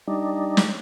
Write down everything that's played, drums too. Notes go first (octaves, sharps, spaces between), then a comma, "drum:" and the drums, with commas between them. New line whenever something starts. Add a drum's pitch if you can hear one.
G3 D4 D#4
drum: snare